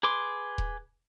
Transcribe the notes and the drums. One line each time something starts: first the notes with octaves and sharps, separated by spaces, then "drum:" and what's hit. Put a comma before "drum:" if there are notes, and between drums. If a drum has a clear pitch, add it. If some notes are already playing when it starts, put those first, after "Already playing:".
G#4 B4 C6 D6
drum: kick D#1